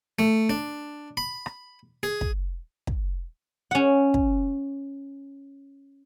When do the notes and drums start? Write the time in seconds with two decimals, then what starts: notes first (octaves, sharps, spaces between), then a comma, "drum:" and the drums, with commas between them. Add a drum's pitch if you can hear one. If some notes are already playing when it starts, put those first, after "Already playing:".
0.19 A3, drum: snare
0.50 D4
1.17 B5
1.46 drum: rim click
2.03 G#4
2.21 drum: kick
2.87 drum: kick
3.71 C#4 F#5
4.14 drum: kick